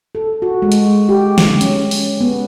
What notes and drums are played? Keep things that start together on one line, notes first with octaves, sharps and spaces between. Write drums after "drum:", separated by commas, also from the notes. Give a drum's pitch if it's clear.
A4
F#4
G#3
drum: hi-hat
G4
drum: snare
C#4, drum: hi-hat
drum: open hi-hat
B3